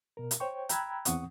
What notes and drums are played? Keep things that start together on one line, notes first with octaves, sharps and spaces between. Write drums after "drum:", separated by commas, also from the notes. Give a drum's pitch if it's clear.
B2 A#4
drum: hi-hat
C5 C#5 G5 C#6
G5 A#5 B5 E6 F#6 G#6, drum: hi-hat
E2 E3 C4 F#5 C#6 D#6, drum: hi-hat